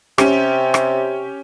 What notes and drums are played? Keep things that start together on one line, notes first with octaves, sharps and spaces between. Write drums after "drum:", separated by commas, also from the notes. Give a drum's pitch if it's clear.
C3 C#4 G4, drum: rim click
drum: rim click